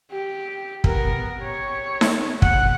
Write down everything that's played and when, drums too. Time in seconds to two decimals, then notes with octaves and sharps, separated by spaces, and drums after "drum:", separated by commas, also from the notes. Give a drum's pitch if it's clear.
0.12 G4
0.84 B3 A#4, drum: kick
1.39 G4 C#5
2.01 drum: snare D#4
2.42 F#5, drum: kick